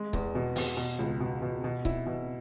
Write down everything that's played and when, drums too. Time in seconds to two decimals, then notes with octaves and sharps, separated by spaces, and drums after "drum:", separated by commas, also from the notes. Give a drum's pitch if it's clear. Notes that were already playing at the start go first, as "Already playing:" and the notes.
Already playing: G#3
0.13 E2, drum: kick C#1
0.35 B2
0.56 B2, drum: open hi-hat
0.77 B2
0.99 C#2
1.20 B2
1.42 B2
1.64 B2
1.85 E4, drum: kick C#1
2.07 B2